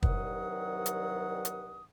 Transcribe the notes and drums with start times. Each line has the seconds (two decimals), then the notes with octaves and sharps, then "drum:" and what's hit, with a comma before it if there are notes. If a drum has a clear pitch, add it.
0.03 C2 G2 D#3 F#3 F#5 D#6, drum: kick
0.86 drum: hi-hat
1.45 drum: hi-hat